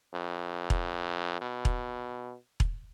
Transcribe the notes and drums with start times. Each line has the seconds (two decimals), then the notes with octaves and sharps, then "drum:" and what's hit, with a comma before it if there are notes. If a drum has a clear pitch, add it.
0.14 F2
0.70 drum: kick E1
1.41 B2
1.65 drum: kick E1
2.60 drum: kick E1